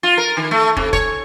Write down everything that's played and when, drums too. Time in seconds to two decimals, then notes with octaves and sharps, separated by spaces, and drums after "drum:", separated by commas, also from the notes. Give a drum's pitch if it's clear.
0.03 F4
0.18 A#4
0.37 D#3
0.51 A3
0.77 C3, drum: kick
0.93 C#5, drum: kick